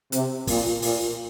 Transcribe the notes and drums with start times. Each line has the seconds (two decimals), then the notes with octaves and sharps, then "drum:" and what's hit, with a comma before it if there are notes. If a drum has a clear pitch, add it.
0.12 C3, drum: hi-hat
0.47 A#2, drum: kick, open hi-hat
0.82 A#2, drum: open hi-hat